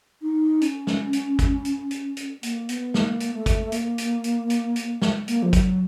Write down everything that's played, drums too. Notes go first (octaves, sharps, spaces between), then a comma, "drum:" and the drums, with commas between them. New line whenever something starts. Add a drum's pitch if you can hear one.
D#4
C#4, drum: hi-hat
drum: snare
drum: hi-hat
drum: kick, hi-hat
drum: hi-hat
drum: hi-hat
drum: hi-hat
A#3, drum: hi-hat
B3, drum: hi-hat
A#3, drum: snare
drum: hi-hat
A3
drum: kick, hi-hat
A#3, drum: hi-hat
drum: hi-hat
drum: hi-hat
drum: hi-hat
drum: hi-hat
drum: snare
A#3, drum: hi-hat
F3
F#3, drum: kick, hi-hat